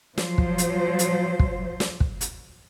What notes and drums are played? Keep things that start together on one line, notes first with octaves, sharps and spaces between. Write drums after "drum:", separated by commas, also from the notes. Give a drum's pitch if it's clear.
F3 F#3 C5, drum: snare
drum: kick
drum: hi-hat
drum: hi-hat
drum: kick
drum: snare
drum: kick
drum: hi-hat